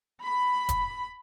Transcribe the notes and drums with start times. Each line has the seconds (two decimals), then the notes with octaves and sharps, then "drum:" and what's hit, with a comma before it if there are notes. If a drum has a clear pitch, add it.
0.21 B5
0.69 drum: kick E1, hi-hat